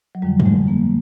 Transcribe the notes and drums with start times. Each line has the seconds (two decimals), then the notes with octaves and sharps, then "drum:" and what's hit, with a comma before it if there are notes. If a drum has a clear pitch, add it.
0.15 F#3
0.22 F2 D3 F3 G3
0.40 A3, drum: tom G2
0.46 G#3
0.68 A#3